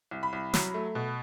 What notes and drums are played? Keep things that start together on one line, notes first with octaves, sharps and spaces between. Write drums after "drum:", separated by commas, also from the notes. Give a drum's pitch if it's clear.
C2
B5
C2
F#3, drum: snare
A3
B2